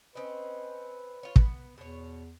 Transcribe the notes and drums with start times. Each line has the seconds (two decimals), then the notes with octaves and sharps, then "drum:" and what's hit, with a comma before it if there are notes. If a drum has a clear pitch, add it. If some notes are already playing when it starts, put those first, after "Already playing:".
0.15 C4 C#4 B4 D#5
1.23 F4 C#5
1.36 B3, drum: kick
1.78 E2 B2 C#5